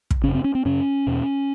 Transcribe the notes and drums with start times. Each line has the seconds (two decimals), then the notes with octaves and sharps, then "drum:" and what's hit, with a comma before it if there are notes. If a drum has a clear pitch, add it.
0.11 drum: kick
0.24 F#2 C#3 C#4
0.34 C4
0.44 C#4
0.55 C4
0.65 F#2 C#3 C#4
1.07 E2 B2